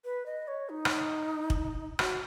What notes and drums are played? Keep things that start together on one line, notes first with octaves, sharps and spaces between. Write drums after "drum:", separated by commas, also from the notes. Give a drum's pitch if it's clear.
B4
D#5
C#5
D#4
drum: rim click
drum: kick
F#4, drum: rim click